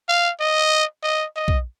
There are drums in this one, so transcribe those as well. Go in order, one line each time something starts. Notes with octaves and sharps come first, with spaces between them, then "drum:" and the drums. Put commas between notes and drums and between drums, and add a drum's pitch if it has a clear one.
F5
D#5
D#5
D#5
drum: kick